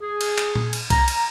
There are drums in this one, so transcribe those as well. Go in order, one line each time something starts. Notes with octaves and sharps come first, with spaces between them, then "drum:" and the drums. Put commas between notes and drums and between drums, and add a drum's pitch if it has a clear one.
G#4
drum: cymbal
drum: clap
drum: tom A#2
drum: cymbal
A#5, drum: kick, cymbal
drum: cymbal